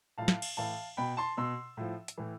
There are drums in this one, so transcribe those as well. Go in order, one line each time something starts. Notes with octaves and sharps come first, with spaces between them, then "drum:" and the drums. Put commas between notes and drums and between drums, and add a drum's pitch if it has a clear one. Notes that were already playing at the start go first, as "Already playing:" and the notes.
A2 F3 F5 A5
drum: snare
drum: cymbal
A2 E3 F5 A5
B2 G5 B5
A5 C6
B2 C6 E6
A2 F3
drum: hi-hat
A2 E3